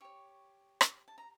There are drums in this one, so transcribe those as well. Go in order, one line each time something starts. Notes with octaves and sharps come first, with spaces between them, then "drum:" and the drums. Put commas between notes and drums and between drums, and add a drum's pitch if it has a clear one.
G4 C#5 C#6
drum: rim click
A5
A#5